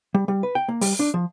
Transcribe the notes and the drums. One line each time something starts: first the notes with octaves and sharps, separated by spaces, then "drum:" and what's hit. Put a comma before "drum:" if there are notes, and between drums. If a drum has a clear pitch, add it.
G3
G3
B4
G5
A#3
G3, drum: open hi-hat
D4
F3